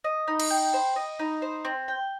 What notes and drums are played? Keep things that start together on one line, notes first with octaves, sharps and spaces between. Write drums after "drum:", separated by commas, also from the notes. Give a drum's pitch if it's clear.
D#5
D#4
drum: cymbal
G5
C5
D#5
D#4
C5
C4
G5